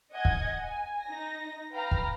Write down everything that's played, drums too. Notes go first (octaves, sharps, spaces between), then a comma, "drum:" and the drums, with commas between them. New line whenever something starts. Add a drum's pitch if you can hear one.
D#5 F#5 G#5 G#6
drum: kick
G#5
D#4 A#6
B4 F5 G5 A#5 B5 F6
drum: kick